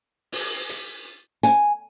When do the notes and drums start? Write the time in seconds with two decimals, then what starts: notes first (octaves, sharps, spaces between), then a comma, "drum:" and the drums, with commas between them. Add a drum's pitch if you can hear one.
0.32 drum: open hi-hat
0.69 drum: hi-hat
1.43 G#5, drum: hi-hat